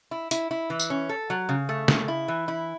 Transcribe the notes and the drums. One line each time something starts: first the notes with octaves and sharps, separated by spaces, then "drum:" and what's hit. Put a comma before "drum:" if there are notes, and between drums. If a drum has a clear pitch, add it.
E4
E4, drum: hi-hat
E4
E3
drum: tambourine
C#4
A4
F#3
C#3
A3
C#3, drum: snare
E4
E3
E4